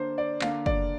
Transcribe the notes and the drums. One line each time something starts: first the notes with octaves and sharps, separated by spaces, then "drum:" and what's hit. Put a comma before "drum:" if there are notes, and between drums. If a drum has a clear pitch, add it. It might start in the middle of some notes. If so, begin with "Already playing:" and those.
Already playing: D3 A#3 D4 C5
D5
D3 A#3 D4 F5, drum: clap
D5, drum: kick